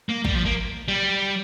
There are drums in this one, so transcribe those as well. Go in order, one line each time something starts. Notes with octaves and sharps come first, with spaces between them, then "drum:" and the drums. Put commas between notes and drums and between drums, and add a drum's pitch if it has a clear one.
A#3
G3, drum: kick
F3
A#3
G3